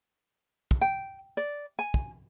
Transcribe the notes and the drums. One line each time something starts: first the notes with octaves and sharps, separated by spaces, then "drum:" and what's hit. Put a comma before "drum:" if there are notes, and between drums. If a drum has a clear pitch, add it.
drum: kick
G5
D5
G#5
drum: kick